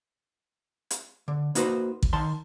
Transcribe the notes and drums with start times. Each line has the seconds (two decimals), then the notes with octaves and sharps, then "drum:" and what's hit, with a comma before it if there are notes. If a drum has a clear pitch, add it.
0.90 drum: hi-hat
1.28 D3
1.55 A#3 D#4 F#4 B4 C5, drum: hi-hat
2.03 drum: kick A1
2.13 D#3 A5 C6